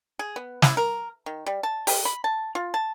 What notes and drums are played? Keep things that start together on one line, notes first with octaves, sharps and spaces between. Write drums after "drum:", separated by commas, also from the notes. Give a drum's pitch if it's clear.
G#4
B3
E4, drum: snare
A#4
D#3
G3
A5
G4, drum: open hi-hat
B5
A5
F4
A5